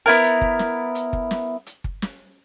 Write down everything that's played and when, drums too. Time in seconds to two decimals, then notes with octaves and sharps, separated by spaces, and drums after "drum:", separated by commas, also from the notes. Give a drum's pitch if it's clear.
0.06 B3 E4 A#4
0.24 drum: hi-hat
0.41 drum: kick
0.59 drum: snare
0.95 drum: hi-hat
1.13 drum: kick
1.31 drum: snare
1.66 drum: hi-hat
1.84 drum: kick
2.02 drum: snare